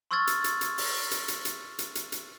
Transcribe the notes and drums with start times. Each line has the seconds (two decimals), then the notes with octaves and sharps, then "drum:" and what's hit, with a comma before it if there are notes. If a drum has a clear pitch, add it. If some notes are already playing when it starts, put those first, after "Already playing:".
0.11 C6 C#6 E6 F6 G#6 A6
0.27 drum: hi-hat
0.44 drum: hi-hat
0.61 drum: hi-hat
0.78 drum: open hi-hat
1.11 drum: hi-hat
1.28 drum: hi-hat
1.45 drum: hi-hat
1.79 drum: hi-hat
1.95 drum: hi-hat
2.12 drum: hi-hat